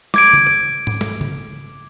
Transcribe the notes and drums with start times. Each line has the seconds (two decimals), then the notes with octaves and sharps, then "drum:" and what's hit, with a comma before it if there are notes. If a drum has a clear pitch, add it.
0.14 D6 G#6 D7, drum: snare
0.33 drum: tom C#3
0.47 drum: rim click
0.87 drum: tom G#2
1.01 drum: snare
1.21 drum: tom C#3